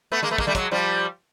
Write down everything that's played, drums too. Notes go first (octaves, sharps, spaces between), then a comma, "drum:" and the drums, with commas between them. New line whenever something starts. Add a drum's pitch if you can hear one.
A3 B3
G#3 A#3
A3 B3
G#3 A#3, drum: kick
G3 A3
F#3 G#3, drum: kick, hi-hat
F3 G3